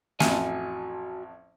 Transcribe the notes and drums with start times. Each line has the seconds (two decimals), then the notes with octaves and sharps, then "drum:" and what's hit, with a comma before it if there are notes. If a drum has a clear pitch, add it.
0.20 A1 F2 F#4 F#5 G#5, drum: snare